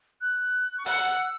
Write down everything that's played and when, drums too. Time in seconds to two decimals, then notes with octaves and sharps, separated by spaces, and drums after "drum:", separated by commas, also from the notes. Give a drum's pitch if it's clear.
0.21 F#6
0.78 C#6
0.86 F#5 E6, drum: open hi-hat